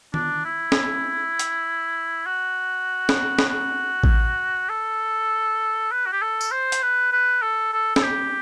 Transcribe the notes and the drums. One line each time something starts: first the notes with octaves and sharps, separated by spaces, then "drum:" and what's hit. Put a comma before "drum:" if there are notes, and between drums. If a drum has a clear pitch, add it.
D4, drum: tom D#3
E4
drum: snare
drum: hi-hat
F#4
drum: snare
drum: snare
F#4
drum: kick A1
A4
B4
F#4
G4
A4
drum: tambourine
C5
drum: hi-hat
B4
B4
A4
A4
A4, drum: snare
G4